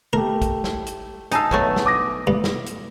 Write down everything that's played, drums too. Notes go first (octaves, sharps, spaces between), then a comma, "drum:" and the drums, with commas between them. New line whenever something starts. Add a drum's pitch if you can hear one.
A3 G4 A#4
drum: kick, hi-hat
drum: snare
drum: hi-hat
D#4 F5 G#5 A5 E6, drum: hi-hat
B2 F#3 A3, drum: kick
drum: snare
D6 D#6 A#6
G2
drum: snare
drum: hi-hat